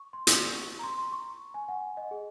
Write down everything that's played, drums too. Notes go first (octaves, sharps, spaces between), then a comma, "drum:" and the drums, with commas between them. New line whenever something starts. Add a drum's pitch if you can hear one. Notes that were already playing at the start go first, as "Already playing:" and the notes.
Already playing: C#6
C6
C#6, drum: hi-hat
A#5
C6
C6
C#6
G#5
F#5
D#5
G#4